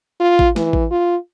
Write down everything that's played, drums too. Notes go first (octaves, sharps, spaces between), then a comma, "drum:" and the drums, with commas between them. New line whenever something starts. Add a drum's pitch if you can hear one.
F4
drum: kick A1
E3, drum: snare A3
drum: kick A1
F4